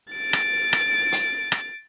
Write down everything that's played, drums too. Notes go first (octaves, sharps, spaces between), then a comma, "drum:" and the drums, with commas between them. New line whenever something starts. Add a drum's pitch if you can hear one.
A6 D7
drum: rim click
drum: rim click
drum: hi-hat
drum: rim click